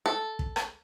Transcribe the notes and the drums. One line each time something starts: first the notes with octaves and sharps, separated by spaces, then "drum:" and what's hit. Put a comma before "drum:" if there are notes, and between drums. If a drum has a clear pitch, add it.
A4
drum: kick
drum: rim click